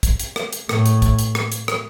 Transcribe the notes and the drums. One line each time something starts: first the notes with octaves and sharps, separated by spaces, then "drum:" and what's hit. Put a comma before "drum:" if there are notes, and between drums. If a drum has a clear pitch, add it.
drum: kick, hi-hat
drum: hi-hat
drum: rim click
drum: hi-hat
A2, drum: rim click
drum: hi-hat
drum: kick, hi-hat
drum: hi-hat
drum: rim click
drum: hi-hat
drum: rim click